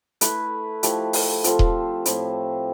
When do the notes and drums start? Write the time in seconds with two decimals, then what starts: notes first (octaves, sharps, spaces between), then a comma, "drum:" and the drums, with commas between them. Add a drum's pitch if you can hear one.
0.21 A3 E4 B4, drum: hi-hat
0.83 F3 A3 E4 G4, drum: hi-hat
1.13 drum: open hi-hat
1.44 F3 C4 F4 A4, drum: hi-hat
1.59 drum: kick D#1
2.05 A2 F3 C4 E4, drum: hi-hat